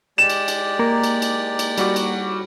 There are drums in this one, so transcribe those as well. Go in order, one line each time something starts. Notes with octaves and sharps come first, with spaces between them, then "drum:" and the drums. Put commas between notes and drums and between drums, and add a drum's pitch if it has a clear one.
G#3 G4 D5 E7
drum: cymbal
drum: cymbal
A#3
drum: cymbal
drum: cymbal
drum: cymbal
G3 F#4 D6, drum: cymbal
drum: cymbal